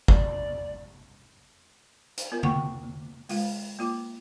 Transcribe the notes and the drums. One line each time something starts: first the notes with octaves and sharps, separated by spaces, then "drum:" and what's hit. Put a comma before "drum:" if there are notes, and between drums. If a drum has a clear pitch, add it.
D5, drum: kick
drum: hi-hat
B3 F4 A#4
F#5 G5 C#6, drum: tom D3
G#3 F4 F5, drum: open hi-hat
A#3 F4 D6